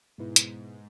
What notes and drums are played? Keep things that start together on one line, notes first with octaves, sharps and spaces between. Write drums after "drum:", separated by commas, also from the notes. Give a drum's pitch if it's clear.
G#2 B2 G#3 B3 E4 B4
drum: hi-hat